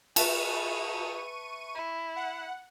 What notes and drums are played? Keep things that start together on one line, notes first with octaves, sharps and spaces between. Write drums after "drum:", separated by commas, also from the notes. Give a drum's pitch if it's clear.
G#4 B4 E5 A5 C#6 D#7, drum: cymbal
E4
F#5